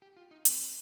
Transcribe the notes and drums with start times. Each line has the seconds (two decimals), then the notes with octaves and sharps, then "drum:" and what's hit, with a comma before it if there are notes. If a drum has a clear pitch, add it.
0.02 G4
0.17 F4
0.31 D#4
0.45 C4, drum: hi-hat